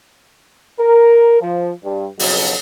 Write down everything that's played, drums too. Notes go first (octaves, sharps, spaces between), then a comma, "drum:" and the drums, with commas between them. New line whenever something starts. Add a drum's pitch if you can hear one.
A#4
F3
G2 G3
B1 F2 C#3 F#3, drum: open hi-hat